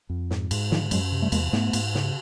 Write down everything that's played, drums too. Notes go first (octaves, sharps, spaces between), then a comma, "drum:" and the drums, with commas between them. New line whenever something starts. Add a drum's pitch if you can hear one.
F2
G#2, drum: snare
G#2, drum: cymbal
D3 D#3 F3, drum: snare
F#2 F#3 G#3, drum: cymbal
C3
G3 A3
E2 G#3 A#3, drum: cymbal
G#2 A3 B3, drum: snare
G#2, drum: cymbal
C#3, drum: snare